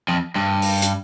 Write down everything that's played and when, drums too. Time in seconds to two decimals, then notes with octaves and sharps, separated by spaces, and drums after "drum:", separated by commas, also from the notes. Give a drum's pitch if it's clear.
0.08 F2
0.35 G2
0.62 drum: open hi-hat
0.82 drum: hi-hat